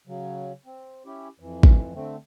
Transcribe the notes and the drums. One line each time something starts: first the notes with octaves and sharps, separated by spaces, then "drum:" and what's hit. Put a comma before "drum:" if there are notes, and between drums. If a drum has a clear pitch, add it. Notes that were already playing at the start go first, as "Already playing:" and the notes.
C#3 F#3
C4
C#4 E4 G4
F2 E3
drum: kick
D3 A3 C4